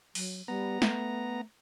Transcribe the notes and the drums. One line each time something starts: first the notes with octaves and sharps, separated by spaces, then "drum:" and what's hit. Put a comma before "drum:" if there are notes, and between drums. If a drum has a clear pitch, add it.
F#3, drum: open hi-hat
G3 B3 A#5
A3, drum: snare